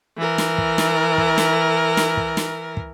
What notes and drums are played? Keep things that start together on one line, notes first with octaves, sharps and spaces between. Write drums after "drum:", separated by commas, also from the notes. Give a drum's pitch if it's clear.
E3 A#4
drum: snare
drum: kick
drum: snare
drum: kick
drum: snare
drum: snare
drum: kick
drum: snare
drum: kick